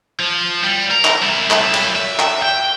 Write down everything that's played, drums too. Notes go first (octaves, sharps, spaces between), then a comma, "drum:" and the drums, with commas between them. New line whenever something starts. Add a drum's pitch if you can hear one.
F3
G3
A#4
drum: clap
G3 E4
drum: clap
drum: cymbal
E5
drum: clap
G5